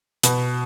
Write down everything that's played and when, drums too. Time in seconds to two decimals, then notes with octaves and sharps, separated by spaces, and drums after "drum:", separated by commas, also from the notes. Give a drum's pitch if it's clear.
0.23 B2 B4, drum: hi-hat